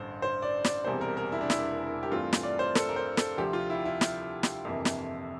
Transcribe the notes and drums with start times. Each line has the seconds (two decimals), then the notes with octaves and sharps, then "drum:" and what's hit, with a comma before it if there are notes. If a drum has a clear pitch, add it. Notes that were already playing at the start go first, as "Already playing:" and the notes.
Already playing: A1 G2 D3 C5
0.22 C5
0.42 D5
0.64 D5, drum: snare
0.85 E1 E2 C3 G3 A#3 C5
1.01 A#4
1.17 A#4
1.32 E4
1.41 D4
1.50 E4, drum: snare
2.03 G4
2.11 G2 E3 A3 C4 F4
2.33 drum: snare
2.43 D5
2.59 C5
2.75 A4, drum: snare
2.89 A#4
2.96 C5
3.17 A4, drum: snare
3.37 D2 C3 F3 C4 G4
3.53 F4
3.70 E4
3.85 E4
4.01 drum: snare
4.43 drum: snare
4.65 G1 F2 C3 E3 A#3
4.85 drum: snare